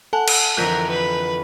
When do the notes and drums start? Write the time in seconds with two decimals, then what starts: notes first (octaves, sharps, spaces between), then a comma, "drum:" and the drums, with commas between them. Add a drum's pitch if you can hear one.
0.13 A4 F#5 G#5 A5
0.28 drum: cymbal
0.57 F2 D3 E3 A#4 F#6 G6 B6
0.90 B4